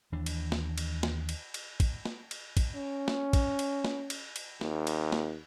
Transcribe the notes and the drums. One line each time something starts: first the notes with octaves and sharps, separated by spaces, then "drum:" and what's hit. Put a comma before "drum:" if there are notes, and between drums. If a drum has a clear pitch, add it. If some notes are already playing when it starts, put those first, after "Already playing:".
D#2 E3 D4
drum: cymbal
drum: snare
drum: cymbal
drum: snare
drum: cymbal
drum: cymbal
drum: kick, cymbal
drum: snare
drum: cymbal
drum: kick, cymbal
C#4
drum: snare
drum: kick, cymbal
drum: cymbal
drum: snare
drum: cymbal
drum: cymbal
D#2, drum: snare
drum: cymbal
drum: snare